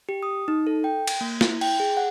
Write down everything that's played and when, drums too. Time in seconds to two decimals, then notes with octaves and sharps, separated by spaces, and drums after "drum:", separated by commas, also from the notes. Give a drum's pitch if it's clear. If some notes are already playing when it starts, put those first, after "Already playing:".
0.09 G4
0.23 D#6
0.48 D#4
0.67 A4
0.84 G5
1.07 drum: cymbal
1.21 A#3
1.41 E4, drum: snare
1.61 G5, drum: cymbal
1.80 G#4
1.97 F#5